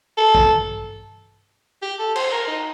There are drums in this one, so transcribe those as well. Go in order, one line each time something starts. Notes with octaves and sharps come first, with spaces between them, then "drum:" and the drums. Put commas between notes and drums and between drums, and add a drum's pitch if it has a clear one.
A4
drum: kick
G4
A4
C5, drum: cymbal
A#4
D#4